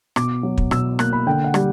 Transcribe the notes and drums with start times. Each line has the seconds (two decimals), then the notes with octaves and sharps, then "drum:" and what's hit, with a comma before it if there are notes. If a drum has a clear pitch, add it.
0.16 B2 D6, drum: rim click
0.43 F#3
0.58 drum: kick
0.71 B2 E6, drum: rim click
0.99 A#3 F#6, drum: rim click
1.13 B5
1.27 D3 G5
1.44 F#5
1.54 G3, drum: rim click